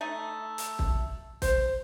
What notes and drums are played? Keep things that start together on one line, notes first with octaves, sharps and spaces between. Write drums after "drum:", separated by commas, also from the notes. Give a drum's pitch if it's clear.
A3 D#4
drum: hi-hat
drum: kick
C5, drum: kick, hi-hat